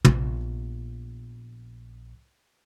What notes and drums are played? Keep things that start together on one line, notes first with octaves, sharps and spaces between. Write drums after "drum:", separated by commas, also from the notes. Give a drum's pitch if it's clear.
A#1 B3, drum: tom